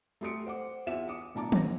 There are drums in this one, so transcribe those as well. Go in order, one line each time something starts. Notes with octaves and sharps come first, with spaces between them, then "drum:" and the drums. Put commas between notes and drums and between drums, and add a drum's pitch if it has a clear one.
A3 G4 C6 D#6 C#7 D7
C5 F#5 D6
E2 F4 E5 E7
D6 D#6 C#7
E1 A2 D4 A5 A#5 D6
D3 F#3 A#6, drum: tom D#3